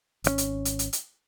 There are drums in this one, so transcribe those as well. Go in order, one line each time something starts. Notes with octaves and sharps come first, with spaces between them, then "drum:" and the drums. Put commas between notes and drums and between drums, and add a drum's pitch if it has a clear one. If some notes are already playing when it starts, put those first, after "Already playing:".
G#1 D#3 C#4, drum: hi-hat
drum: hi-hat
drum: hi-hat
drum: hi-hat
drum: hi-hat